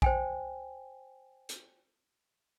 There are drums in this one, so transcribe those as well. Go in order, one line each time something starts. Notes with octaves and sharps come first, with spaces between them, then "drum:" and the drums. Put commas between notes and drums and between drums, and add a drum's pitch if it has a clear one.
C5 G5 G#5, drum: kick A#1
drum: hi-hat